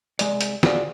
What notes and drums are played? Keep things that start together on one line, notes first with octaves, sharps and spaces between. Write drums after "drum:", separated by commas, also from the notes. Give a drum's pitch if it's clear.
C2 G#3 D5, drum: hi-hat
drum: hi-hat
F4 F#4 G#4 D5 D#5 F5, drum: snare